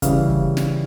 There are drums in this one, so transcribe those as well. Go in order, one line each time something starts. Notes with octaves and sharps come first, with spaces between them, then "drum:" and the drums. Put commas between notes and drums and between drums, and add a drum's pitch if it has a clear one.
C#3 E3 G3 F5, drum: kick, hi-hat
drum: kick
drum: snare